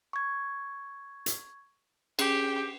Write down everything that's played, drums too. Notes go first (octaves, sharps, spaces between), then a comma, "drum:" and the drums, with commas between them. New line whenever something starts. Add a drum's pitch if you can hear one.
C#6 G#6
drum: hi-hat
C#4 G4 G#4, drum: cymbal